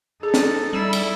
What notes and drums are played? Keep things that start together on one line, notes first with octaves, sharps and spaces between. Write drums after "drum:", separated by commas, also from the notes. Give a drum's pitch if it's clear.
D#4 G#4 A4
drum: snare
G3 E4 E6
drum: cymbal